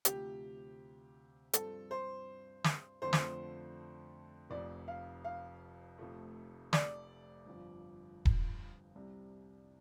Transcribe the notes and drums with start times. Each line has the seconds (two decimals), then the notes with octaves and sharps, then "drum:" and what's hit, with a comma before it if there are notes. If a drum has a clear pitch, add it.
0.05 D2 C3 F3 G4, drum: hi-hat
1.53 G2 F3 C4 A4, drum: hi-hat
1.91 C5
2.64 drum: snare
3.02 F2 D3 F3 A3 C4 C5
3.13 drum: snare
4.50 F1 F2 F3 D5
4.88 F5
5.25 F5
5.98 F1 F2 F3 A3
6.73 D5, drum: snare
7.46 G1 F2 F3
8.25 drum: kick D#1
8.95 C2 C3 G3